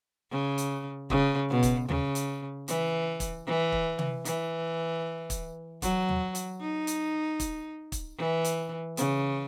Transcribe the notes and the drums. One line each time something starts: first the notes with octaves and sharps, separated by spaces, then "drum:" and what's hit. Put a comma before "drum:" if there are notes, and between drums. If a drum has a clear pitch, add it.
C#3
drum: hi-hat
C#3, drum: kick
B2
drum: kick, hi-hat
C#3, drum: tom
drum: hi-hat
E3, drum: hi-hat
drum: kick, hi-hat
E3
drum: kick
drum: tom C3
E3, drum: hi-hat
drum: kick, hi-hat
F#3, drum: kick, hi-hat
drum: tom
drum: hi-hat
D#4
drum: hi-hat
drum: kick, hi-hat
drum: kick, hi-hat
E3
drum: hi-hat
C#3, drum: hi-hat